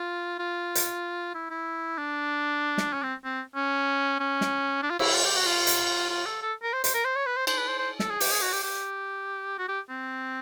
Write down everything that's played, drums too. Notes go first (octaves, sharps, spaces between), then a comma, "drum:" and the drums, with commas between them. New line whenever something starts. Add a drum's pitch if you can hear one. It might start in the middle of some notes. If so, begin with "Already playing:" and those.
Already playing: F4
F4
drum: hi-hat
E4
E4
D4
drum: snare
C#4
C4
C4
C#4
C#4
drum: snare
D4
F4
E4, drum: cymbal
F4
G4
F#4
F4
drum: hi-hat
F4
A4
A4
A#4
C5
C5, drum: hi-hat
A#4
C5
C#5
B4
C5
C5, drum: cymbal
B4
C5
C5
A4, drum: snare
G#4
G4, drum: open hi-hat
G#4
F#4
G4
G4
F#4
G4
C4